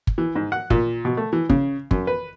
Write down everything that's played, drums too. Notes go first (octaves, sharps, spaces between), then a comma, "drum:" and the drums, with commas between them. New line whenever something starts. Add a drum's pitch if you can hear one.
drum: kick
E3
G#2
F#5
A#2, drum: kick
B2
A3
E3
C#3, drum: kick
F#2, drum: kick
B4